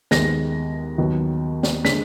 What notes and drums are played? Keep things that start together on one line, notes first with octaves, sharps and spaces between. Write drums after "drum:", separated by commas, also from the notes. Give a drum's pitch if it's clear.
D#2 D#3 G#3 B3 A#6, drum: snare
D#2 D#3 F#3 B3
drum: snare
D3 G#3 B6, drum: snare